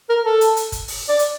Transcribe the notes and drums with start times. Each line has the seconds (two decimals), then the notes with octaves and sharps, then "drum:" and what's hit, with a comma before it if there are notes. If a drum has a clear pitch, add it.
0.09 A#4
0.25 A4
0.41 drum: hi-hat
0.57 drum: hi-hat
0.72 drum: kick, hi-hat
0.88 drum: open hi-hat
1.09 D5
1.19 drum: hi-hat